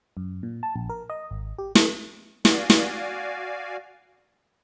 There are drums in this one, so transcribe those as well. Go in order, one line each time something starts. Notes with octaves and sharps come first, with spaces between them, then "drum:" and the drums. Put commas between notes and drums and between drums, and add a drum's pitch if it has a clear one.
F#2
A#2
A5
A#1
A#4
D#5
G#1
G4
A4, drum: snare
F#4 D5 F5 G#5, drum: snare
drum: snare